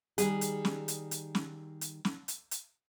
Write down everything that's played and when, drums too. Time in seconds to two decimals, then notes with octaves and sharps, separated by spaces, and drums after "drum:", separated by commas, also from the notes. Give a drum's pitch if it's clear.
0.18 D#3 G3 G#4, drum: hi-hat
0.41 drum: hi-hat
0.65 drum: snare
0.88 drum: hi-hat
1.11 drum: hi-hat
1.35 drum: snare
1.81 drum: hi-hat
2.05 drum: snare
2.28 drum: hi-hat
2.51 drum: hi-hat